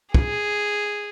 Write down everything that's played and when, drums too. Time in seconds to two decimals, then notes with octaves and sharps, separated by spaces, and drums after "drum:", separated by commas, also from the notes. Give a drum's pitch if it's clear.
0.14 G#4, drum: kick